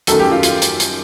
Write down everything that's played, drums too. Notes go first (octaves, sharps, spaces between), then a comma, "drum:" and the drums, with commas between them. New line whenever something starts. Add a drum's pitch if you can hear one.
F#2 D#3 F#3 A3 A4, drum: hi-hat
G4
F4
F4, drum: hi-hat
drum: hi-hat
drum: hi-hat